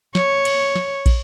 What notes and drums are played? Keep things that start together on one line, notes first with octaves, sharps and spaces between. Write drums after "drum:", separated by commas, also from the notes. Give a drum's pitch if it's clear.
C#5, drum: snare
drum: cymbal
drum: snare
drum: kick, cymbal